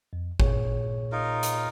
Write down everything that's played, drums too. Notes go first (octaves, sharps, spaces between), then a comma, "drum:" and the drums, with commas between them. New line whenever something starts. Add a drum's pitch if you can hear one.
F2
A#2 G#4 C#5, drum: kick G#1
D#4 F4 A#4
drum: hi-hat